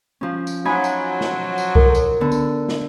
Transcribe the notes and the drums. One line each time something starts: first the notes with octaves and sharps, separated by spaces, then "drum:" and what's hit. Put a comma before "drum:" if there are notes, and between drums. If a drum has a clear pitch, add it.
F3 C#4
drum: tambourine
F3 F#3 D#4 G#5 B5
drum: tambourine
drum: snare
drum: tambourine
A#4, drum: kick C2
drum: tambourine
D3 B3
drum: tambourine
drum: snare